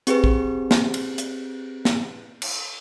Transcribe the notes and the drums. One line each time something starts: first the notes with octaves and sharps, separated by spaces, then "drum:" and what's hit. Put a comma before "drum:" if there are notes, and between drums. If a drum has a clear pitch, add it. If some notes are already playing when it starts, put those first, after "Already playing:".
C4 G4 G#4 B4, drum: hi-hat
drum: kick
drum: snare
drum: cymbal
drum: hi-hat
drum: snare
drum: cymbal